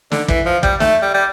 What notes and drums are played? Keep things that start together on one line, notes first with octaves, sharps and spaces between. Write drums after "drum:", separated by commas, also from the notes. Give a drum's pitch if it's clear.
D3, drum: snare
E3, drum: kick
F3
G3, drum: kick
A3, drum: snare
G3
G3